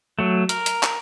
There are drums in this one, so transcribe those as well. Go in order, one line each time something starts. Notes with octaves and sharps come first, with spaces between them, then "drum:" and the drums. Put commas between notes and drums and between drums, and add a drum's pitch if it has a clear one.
F#3 A3
A#4, drum: hi-hat
drum: hi-hat
drum: clap